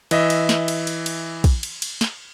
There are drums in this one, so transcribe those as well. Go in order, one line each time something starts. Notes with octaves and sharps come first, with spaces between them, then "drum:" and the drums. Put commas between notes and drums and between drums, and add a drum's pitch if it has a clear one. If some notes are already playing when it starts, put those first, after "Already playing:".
E3 D#5 E5, drum: cymbal
drum: cymbal
drum: snare
drum: cymbal
drum: cymbal
drum: cymbal
drum: kick, cymbal
drum: cymbal
drum: cymbal
drum: snare